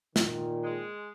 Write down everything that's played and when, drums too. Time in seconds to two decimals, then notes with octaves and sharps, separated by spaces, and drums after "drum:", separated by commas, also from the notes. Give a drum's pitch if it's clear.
0.16 A#2 D#3, drum: snare
0.64 G#3